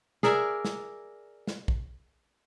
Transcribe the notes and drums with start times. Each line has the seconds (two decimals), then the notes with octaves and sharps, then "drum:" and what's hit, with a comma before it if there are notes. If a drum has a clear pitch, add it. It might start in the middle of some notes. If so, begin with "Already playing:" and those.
0.23 G#4 A#4 D5 E5, drum: snare
0.65 drum: snare
1.47 drum: snare
1.68 drum: kick A#1